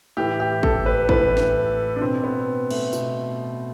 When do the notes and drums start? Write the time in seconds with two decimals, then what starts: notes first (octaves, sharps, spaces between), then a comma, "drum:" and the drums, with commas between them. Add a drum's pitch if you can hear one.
0.17 A2 E3 G4
0.40 G4
0.63 A4, drum: kick
0.86 B4
1.09 A2 E3 B4, drum: kick
1.37 drum: snare
1.96 D4
2.01 B2 C4
2.24 B3
2.71 A3, drum: cymbal
2.93 B2, drum: tambourine